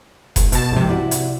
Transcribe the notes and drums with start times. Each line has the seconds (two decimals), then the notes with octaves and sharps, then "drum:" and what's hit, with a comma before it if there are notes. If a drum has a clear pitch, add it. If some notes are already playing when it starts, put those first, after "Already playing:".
0.36 G#1, drum: kick F1, hi-hat
0.52 B2 A5, drum: hi-hat
0.72 C2 G#2 C3 F3
0.89 E4 F#4 D5
1.11 drum: hi-hat